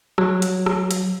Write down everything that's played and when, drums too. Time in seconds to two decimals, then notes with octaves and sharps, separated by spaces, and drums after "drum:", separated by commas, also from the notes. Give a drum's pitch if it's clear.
0.18 F#3, drum: rim click
0.42 drum: hi-hat
0.66 drum: rim click
0.91 drum: hi-hat